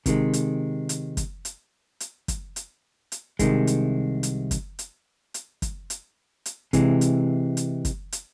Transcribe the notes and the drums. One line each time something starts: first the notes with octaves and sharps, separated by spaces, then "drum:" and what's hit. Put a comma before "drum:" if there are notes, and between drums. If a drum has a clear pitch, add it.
C3 D#3 G#3, drum: kick, hi-hat
drum: hi-hat
drum: hi-hat
drum: kick, hi-hat
drum: hi-hat
drum: hi-hat
drum: kick, hi-hat
drum: hi-hat
drum: hi-hat
C2 C3 D#3 G#3, drum: kick, hi-hat
drum: hi-hat
drum: hi-hat
drum: kick, hi-hat
drum: hi-hat
drum: hi-hat
drum: kick, hi-hat
drum: hi-hat
drum: hi-hat
C3 E3 G#3, drum: kick, hi-hat
drum: hi-hat
drum: hi-hat
drum: kick, hi-hat
drum: hi-hat